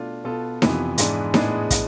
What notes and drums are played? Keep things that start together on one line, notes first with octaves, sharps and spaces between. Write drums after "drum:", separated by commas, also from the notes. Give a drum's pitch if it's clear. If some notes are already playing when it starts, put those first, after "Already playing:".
Already playing: B2 A3 D4 F4
B2 B3 F4 A4
F2 C3 E3 B3, drum: snare D#4
G#2 E3 G#3 B3 D4, drum: hi-hat
A2 G#3 B3 D4 G#4, drum: snare D#4
drum: kick, hi-hat